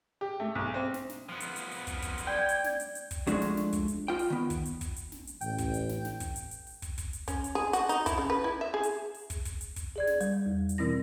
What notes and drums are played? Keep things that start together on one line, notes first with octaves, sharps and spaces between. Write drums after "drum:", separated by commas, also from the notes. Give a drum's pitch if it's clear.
G4
A3
B1
C4
drum: snare
drum: snare
F3 B3
drum: hi-hat
drum: hi-hat
drum: open hi-hat
drum: kick, hi-hat
drum: kick, hi-hat
drum: hi-hat
D5 G5 G#6
drum: hi-hat
drum: snare
drum: hi-hat
drum: hi-hat
drum: kick, hi-hat
F3 G#3 A3 D4 F#4, drum: hi-hat
drum: snare
drum: snare
drum: kick, hi-hat
drum: hi-hat
F4 G5
drum: open hi-hat
D#3 B3
drum: kick, hi-hat
drum: hi-hat
drum: kick, hi-hat
drum: hi-hat
drum: snare
drum: hi-hat
A1 G5, drum: hi-hat
drum: kick, hi-hat
drum: hi-hat
drum: snare
drum: snare
drum: kick, hi-hat
drum: hi-hat
drum: hi-hat
drum: open hi-hat
drum: kick, hi-hat
drum: kick, hi-hat
drum: hi-hat
C#4, drum: kick, hi-hat
drum: hi-hat
G#4
F#4, drum: hi-hat
D#4, drum: hi-hat
E4, drum: kick, hi-hat
C#3
B4
E4
E5
G#4
drum: hi-hat
drum: open hi-hat
drum: kick, hi-hat
drum: kick, hi-hat
drum: hi-hat
drum: kick, hi-hat
G#4 D5 G#6
drum: snare
G3, drum: hi-hat
E2
drum: hi-hat
B2 E3 C4 E4 A#6